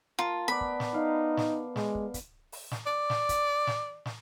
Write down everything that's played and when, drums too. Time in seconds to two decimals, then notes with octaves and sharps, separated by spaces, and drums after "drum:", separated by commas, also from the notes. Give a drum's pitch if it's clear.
0.19 F4 A#4 A5
0.48 B3 D5 B5
0.61 drum: kick
0.80 drum: snare
0.94 D#4 F5
1.37 drum: snare
1.76 G#3, drum: snare
1.95 drum: kick
2.14 drum: kick, hi-hat
2.52 drum: open hi-hat
2.71 drum: snare
2.86 D5
3.10 drum: snare
3.29 drum: kick, hi-hat
3.67 drum: snare
4.06 drum: snare